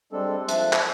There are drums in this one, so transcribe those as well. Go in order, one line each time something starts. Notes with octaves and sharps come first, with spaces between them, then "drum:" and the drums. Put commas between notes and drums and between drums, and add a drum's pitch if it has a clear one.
G3 G#3 C4 D4 A4
F3 E5 A5 F#6, drum: hi-hat
drum: clap